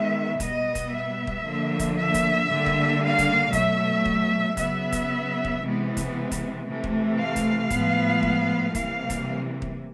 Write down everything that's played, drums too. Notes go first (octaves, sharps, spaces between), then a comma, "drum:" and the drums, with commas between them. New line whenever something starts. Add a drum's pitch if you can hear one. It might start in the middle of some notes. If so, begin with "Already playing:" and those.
Already playing: D#3 G#3 B3 E5
B2 G3 B3 D#5, drum: kick D#1, hi-hat
drum: kick D#1, hi-hat
E5
drum: kick D#1
D3 F3 A#3
drum: kick D#1, hi-hat
E5
drum: kick D#1, hi-hat
D3 G3 A#3
drum: kick D#1
F5
drum: kick D#1, hi-hat
B2 F#3 A3 E5, drum: kick D#1, hi-hat
drum: kick D#1
C#3 F#3 B3 E5, drum: kick D#1, hi-hat
drum: kick D#1, hi-hat
drum: kick D#1
C3 E3 G#3 B3
drum: kick D#1, hi-hat
drum: kick D#1, hi-hat
C3 E3 A3
drum: kick D#1
F5
drum: kick D#1, hi-hat
A2 F3 G#3 B3, drum: kick D#1, hi-hat
drum: kick D#1
C3 E3 G3 A#3 F5, drum: kick D#1, hi-hat
drum: kick D#1, hi-hat
drum: kick D#1